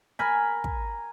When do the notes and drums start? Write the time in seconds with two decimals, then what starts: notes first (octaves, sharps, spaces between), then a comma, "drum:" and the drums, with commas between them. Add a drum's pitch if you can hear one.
0.19 A#4 G#5 B5, drum: rim click
0.64 drum: kick